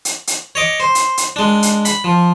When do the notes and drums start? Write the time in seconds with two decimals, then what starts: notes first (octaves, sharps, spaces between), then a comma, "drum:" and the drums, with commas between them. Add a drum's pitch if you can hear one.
0.05 drum: hi-hat
0.27 drum: hi-hat
0.55 C#5 D#5 D6
0.80 C5
0.95 drum: hi-hat
1.17 drum: hi-hat
1.36 G#3 D4
1.63 drum: hi-hat
1.85 B5, drum: hi-hat
2.04 F3